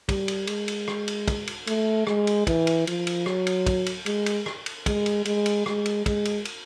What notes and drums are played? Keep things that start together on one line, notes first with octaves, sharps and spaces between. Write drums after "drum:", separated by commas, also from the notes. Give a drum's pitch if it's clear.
G3, drum: kick, cymbal
drum: cymbal
G#3, drum: cymbal
drum: cymbal
drum: rim click
drum: cymbal
drum: kick, cymbal
drum: cymbal
A3, drum: cymbal
G#3, drum: rim click
drum: cymbal
E3, drum: kick, cymbal
drum: cymbal
F3, drum: cymbal
drum: cymbal
F#3, drum: rim click
drum: cymbal
drum: kick, cymbal
drum: cymbal
G#3, drum: cymbal
drum: cymbal
drum: rim click
drum: cymbal
G#3, drum: kick, cymbal
drum: cymbal
G#3, drum: cymbal
drum: cymbal
G#3, drum: rim click
drum: cymbal
G#3, drum: kick, cymbal
drum: cymbal
drum: cymbal